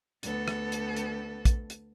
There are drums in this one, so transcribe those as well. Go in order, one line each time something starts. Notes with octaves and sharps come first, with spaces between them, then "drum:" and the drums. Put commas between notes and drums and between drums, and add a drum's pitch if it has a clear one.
D2 B3 A4, drum: hi-hat
drum: rim click
drum: hi-hat
drum: hi-hat
drum: kick, hi-hat
drum: hi-hat